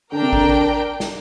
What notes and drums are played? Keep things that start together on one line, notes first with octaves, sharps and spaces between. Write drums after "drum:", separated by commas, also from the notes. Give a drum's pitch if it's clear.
D3 D4 A#4 G5
C3
D3, drum: kick A1
D3
drum: snare